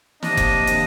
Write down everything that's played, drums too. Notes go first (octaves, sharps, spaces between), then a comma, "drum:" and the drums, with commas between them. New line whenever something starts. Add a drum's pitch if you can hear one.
C3 F3 A#3 D4 D#5, drum: snare
drum: kick F1, hi-hat
C3 D#3 A#3 D4, drum: hi-hat